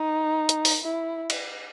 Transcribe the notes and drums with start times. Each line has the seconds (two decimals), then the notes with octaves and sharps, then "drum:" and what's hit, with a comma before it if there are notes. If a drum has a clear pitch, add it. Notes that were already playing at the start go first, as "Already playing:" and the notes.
Already playing: D#4
0.49 drum: hi-hat
0.65 drum: open hi-hat
0.84 E4
1.30 drum: cymbal